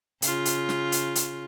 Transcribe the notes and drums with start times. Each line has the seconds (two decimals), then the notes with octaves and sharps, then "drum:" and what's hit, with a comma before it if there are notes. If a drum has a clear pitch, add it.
0.22 C#3 F4, drum: hi-hat
0.45 drum: hi-hat
0.69 drum: snare
0.92 drum: hi-hat
1.15 drum: hi-hat